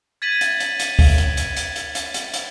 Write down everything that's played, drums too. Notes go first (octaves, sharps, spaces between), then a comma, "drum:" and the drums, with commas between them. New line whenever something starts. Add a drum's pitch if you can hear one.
G#6 A6 B6 D#7 F#7
drum: hi-hat
drum: hi-hat
drum: hi-hat
drum: kick, open hi-hat
drum: hi-hat
drum: hi-hat
drum: hi-hat
drum: hi-hat
drum: hi-hat
drum: hi-hat
drum: hi-hat